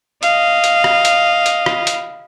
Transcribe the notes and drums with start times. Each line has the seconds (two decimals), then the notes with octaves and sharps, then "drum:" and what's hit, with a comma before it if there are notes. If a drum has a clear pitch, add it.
0.23 D#5 F5, drum: hi-hat
0.64 drum: hi-hat
0.84 drum: rim click
1.05 drum: hi-hat
1.46 drum: hi-hat
1.66 drum: rim click
1.87 drum: hi-hat